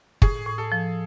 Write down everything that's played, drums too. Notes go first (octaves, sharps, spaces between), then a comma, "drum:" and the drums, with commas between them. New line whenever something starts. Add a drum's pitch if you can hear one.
A2 G#4, drum: kick
A2
A4
F3